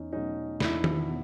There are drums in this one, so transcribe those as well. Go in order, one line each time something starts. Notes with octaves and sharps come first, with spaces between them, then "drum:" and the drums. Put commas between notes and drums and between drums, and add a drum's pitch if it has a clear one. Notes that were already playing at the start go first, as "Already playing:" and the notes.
Already playing: E2 C#4 D#4
B2 F#3 A3 C#4 D#4
E2 D4 E4, drum: snare
drum: tom D#3
B2